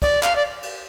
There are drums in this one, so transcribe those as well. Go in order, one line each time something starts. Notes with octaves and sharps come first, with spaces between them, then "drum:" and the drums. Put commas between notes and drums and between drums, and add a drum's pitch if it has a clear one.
D5, drum: kick, cymbal
F5, drum: clap
D5
drum: cymbal